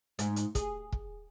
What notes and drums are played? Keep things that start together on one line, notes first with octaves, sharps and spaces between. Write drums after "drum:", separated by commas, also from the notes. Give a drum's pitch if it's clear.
G#2, drum: hi-hat
drum: hi-hat
G#4, drum: kick, hi-hat
drum: kick